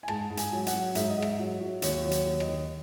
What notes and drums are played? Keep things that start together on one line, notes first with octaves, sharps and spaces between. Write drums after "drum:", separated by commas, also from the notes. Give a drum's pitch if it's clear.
G#5
G#2 A5, drum: rim click
G#2
G#5, drum: hi-hat
F#3
F#5, drum: hi-hat
F#3
G#2 E5, drum: hi-hat
D#5
G#2
E5, drum: rim click
F#3
F#3
D#2 C#5, drum: hi-hat
F#3
C#5, drum: hi-hat
D#2
D#5, drum: rim click
D#3